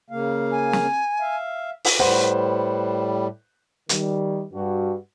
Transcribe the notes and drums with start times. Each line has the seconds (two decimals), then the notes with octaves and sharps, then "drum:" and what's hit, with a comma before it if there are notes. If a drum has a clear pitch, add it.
0.10 C#3 A#3 F5
0.51 G#5
0.73 drum: snare
1.20 E5 F5
1.85 drum: open hi-hat
2.00 A2 G3 B4 C5 F#5
3.89 D#3 G3, drum: hi-hat
4.52 G2 F#4